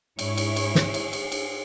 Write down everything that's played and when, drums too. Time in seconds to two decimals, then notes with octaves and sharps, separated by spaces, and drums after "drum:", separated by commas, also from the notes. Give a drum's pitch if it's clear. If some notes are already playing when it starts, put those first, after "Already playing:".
0.19 G#2 E4 C#5, drum: cymbal
0.37 drum: cymbal
0.56 drum: cymbal
0.75 drum: snare
0.94 drum: cymbal
1.13 drum: cymbal
1.32 drum: cymbal